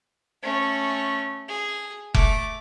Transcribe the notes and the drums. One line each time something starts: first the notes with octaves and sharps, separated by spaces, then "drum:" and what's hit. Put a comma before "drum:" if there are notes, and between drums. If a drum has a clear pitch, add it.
A3 C#4
G#4
A3 D6, drum: kick F1